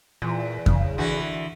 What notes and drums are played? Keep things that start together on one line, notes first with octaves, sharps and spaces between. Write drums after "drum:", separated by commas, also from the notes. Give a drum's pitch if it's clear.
E2 A#2
C#3, drum: kick F2
D3 E3 F#4